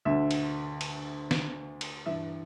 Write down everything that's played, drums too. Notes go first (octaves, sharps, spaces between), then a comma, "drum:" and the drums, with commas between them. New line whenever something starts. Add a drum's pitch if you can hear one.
D2 D3 E5
drum: cymbal
drum: cymbal
drum: snare
drum: cymbal
G2 E3 E5